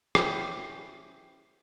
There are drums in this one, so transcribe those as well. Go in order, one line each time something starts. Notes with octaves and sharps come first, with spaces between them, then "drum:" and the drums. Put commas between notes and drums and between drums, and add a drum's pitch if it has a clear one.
C#4 E4 F#4 G4, drum: rim click